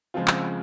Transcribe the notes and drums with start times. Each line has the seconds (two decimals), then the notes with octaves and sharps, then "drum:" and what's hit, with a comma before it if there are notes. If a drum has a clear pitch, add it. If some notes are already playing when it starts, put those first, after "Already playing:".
0.14 C#3 F3 G#3 C4 F4
0.28 drum: clap